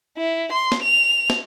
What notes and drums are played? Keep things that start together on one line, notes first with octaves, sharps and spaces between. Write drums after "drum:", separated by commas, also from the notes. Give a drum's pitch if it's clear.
E4
C6
drum: snare
F7
drum: snare